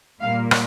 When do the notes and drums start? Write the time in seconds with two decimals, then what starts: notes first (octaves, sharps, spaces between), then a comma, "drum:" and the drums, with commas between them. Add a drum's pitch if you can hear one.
0.21 A#2 G3 A#3 F5
0.51 drum: rim click